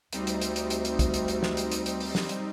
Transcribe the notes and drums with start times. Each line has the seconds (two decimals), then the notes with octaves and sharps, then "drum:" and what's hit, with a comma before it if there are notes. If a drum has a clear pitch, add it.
0.13 D2 G3 C4 D#4, drum: hi-hat
0.27 drum: hi-hat
0.41 drum: hi-hat
0.56 drum: hi-hat
0.70 drum: hi-hat
0.85 drum: hi-hat
0.99 drum: kick, hi-hat
1.14 drum: hi-hat
1.28 drum: hi-hat
1.43 drum: snare
1.57 drum: hi-hat
1.71 drum: hi-hat
1.86 drum: hi-hat
2.00 drum: open hi-hat
2.15 drum: snare
2.29 drum: hi-hat